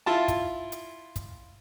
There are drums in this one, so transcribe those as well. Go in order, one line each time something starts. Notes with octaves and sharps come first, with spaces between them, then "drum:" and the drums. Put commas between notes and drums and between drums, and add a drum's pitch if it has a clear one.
E4 F4 A5
drum: kick, hi-hat
drum: hi-hat
drum: kick, hi-hat